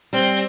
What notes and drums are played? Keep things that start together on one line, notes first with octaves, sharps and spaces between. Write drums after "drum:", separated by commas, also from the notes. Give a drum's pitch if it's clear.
G3 C4, drum: hi-hat